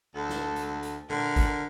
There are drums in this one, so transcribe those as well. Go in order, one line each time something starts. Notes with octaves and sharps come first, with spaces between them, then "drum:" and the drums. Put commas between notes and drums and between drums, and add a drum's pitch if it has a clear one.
D2 A4
drum: snare
drum: hi-hat
drum: hi-hat
D3 A#4, drum: tom A#2
drum: kick, hi-hat